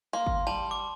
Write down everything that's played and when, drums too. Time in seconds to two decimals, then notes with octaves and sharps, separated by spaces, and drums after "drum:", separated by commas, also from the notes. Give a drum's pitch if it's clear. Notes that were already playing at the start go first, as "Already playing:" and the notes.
0.13 A#3 C6
0.27 drum: kick G1
0.47 G3 A5
0.71 D6